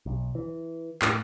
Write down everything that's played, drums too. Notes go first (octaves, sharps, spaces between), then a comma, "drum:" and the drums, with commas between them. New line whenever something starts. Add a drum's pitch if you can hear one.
B1
E3
A2, drum: clap